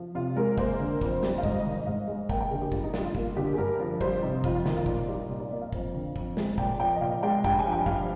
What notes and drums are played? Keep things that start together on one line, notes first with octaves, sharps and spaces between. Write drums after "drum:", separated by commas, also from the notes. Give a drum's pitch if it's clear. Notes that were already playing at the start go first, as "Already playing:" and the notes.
Already playing: F3
C3 F4
G#3 A#4
A#3 C5, drum: kick
D3
F2, drum: kick
G3, drum: snare
F5
G#2 D#5, drum: kick
D#3
D#5
G#2 F5
G#3 D#5
A#3 G5, drum: kick
G5
D3 G#4
G4
G2 F4, drum: kick
D#4
G3 F4, drum: snare
F4
A#3 F4, drum: kick
D3 G4
G#4
G2 A#4
F3
G3 C5, drum: kick
C3 D#4
F2 F4, drum: kick
F4
D#3, drum: snare
F4
A#2 D#4, drum: kick
G3 D#4
A#2 F4
D5
A#3 D#5
F5
F2, drum: kick
D3
F2, drum: kick
G#3, drum: snare
A#2 G5, drum: kick
F3 G5
D#5
A#2 F5
G#3 G5
G2 G5, drum: kick
G#5
F3
G5
G2 F5, drum: kick